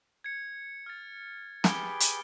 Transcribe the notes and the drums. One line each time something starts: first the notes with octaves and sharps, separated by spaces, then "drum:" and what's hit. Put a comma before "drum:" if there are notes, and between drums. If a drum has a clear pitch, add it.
G#6 C#7
F6 A6
G4 G#4 B4 D7 G7, drum: snare
drum: hi-hat